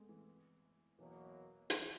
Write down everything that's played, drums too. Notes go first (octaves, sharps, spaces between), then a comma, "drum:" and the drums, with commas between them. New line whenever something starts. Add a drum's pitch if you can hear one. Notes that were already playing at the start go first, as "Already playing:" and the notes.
Already playing: G#3 A3 B3 C4
E3
E2 B2 E3 F#3 A#3
E3, drum: hi-hat